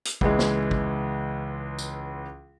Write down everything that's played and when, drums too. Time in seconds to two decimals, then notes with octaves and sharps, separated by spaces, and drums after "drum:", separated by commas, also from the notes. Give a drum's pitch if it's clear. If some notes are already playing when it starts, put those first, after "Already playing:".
0.05 drum: hi-hat
0.21 C#2 E3 G#3, drum: kick
0.39 drum: snare
0.71 drum: kick
1.79 drum: tambourine